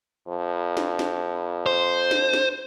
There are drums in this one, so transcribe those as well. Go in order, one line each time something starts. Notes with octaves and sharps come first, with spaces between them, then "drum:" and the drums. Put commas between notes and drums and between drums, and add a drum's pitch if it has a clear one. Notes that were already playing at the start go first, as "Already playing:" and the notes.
F2
drum: snare
drum: snare
C5
drum: snare
drum: snare